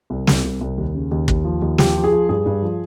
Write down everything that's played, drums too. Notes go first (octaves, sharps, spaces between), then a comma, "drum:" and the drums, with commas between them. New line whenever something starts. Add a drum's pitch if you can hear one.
C2
C2, drum: snare
C2
C2
D#2
C#3
D#2
D#2, drum: kick
F3
D#2
F3 G4, drum: snare
F3
G#4
F3
G2 G#4
G2
F3